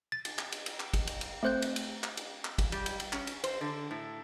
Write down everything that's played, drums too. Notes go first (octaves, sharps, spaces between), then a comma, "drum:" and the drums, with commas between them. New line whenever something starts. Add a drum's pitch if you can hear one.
A6
drum: cymbal
drum: clap
drum: cymbal
drum: cymbal
drum: clap
drum: kick, cymbal
drum: cymbal
drum: cymbal
A3 C4 C5 F#6 G6
drum: cymbal
drum: cymbal
drum: clap
drum: cymbal
drum: clap
drum: kick, cymbal
G3, drum: cymbal
drum: cymbal
drum: cymbal
C#4, drum: clap
drum: cymbal
C5, drum: cymbal
D3
A2